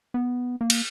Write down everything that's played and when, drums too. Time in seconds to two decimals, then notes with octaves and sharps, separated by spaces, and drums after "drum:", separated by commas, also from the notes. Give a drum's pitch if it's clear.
0.14 B3
0.61 A#3
0.70 drum: cymbal